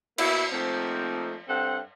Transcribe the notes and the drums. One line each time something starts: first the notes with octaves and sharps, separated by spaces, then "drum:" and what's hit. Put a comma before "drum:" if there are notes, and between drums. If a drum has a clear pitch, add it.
B2 A#3 E4, drum: cymbal
F3 A3 A#3 C4 D#4
G2 C4 A4 F#5